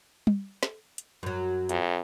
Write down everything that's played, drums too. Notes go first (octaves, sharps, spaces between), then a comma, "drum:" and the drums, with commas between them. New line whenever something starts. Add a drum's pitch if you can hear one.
drum: tom G3
drum: snare
drum: hi-hat
F#2 F#3
F2, drum: hi-hat